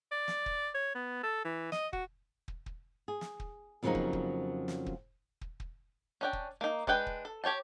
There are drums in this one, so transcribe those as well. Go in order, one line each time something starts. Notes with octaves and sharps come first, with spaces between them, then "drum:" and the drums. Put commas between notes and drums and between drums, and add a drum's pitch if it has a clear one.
D5
drum: snare
drum: kick
C#5
B3
A4
E3
D#5, drum: snare
F#4, drum: kick
drum: kick
drum: kick
G#4
drum: snare
drum: kick
F2 C#3 F3 F#3 A#3 D#4
drum: kick
drum: kick
drum: snare
drum: kick
drum: kick
drum: kick
C#4 D4 G5
drum: kick
A#3 D#4
G#3 D4 B4 G5, drum: kick
drum: kick
A4
G4 C#5 G5 A5